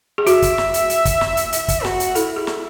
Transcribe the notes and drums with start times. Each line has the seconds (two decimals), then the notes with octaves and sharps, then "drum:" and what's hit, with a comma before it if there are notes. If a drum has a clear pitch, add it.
0.18 G#4
0.27 F#4 E5, drum: hi-hat
0.42 drum: kick, hi-hat
0.58 drum: snare
0.74 drum: hi-hat
0.90 drum: hi-hat
1.05 drum: kick, hi-hat
1.21 drum: snare
1.37 drum: hi-hat
1.53 E5, drum: hi-hat
1.68 drum: kick, hi-hat
1.85 F#4, drum: snare
2.00 drum: hi-hat
2.15 E4 A4, drum: hi-hat
2.36 G#4
2.47 drum: snare